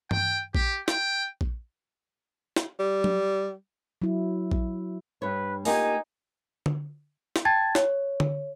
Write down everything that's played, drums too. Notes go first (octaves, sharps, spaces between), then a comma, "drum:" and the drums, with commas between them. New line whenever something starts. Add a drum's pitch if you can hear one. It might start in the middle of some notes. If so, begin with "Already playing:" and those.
G5, drum: tom G2
G4, drum: kick A#1
G5, drum: snare
drum: kick A#1
drum: snare
G3
drum: tom F#3
F#3 E4
drum: kick A#1
G2 B4 C#5
A#3 D#4 F4 G4 G#5, drum: open hi-hat
drum: tom D3
drum: snare
G5 A5 G#6 A6
C#5, drum: snare
drum: tom D3